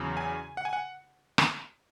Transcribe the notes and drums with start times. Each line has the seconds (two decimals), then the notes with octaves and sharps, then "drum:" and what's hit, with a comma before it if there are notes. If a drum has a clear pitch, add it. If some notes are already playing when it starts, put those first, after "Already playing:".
Already playing: E2 C#3 F#3
0.17 G#5
0.57 F#5
0.65 G#5
0.73 F#5
1.38 drum: rim click